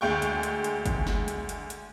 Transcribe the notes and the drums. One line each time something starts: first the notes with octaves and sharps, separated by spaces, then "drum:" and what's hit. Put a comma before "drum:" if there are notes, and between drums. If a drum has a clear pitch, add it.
D2 G#3 G5 C#6 G6
drum: hi-hat
drum: hi-hat
drum: hi-hat
drum: kick, hi-hat
drum: snare
drum: hi-hat
drum: hi-hat
drum: hi-hat